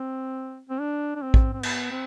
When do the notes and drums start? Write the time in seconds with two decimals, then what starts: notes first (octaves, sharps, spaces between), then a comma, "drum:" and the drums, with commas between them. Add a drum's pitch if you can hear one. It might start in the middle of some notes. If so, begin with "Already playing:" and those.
Already playing: C4
0.69 C4
0.80 D4
1.15 D4
1.22 C4
1.34 drum: kick
1.53 C4
1.63 B3, drum: cymbal
1.91 C4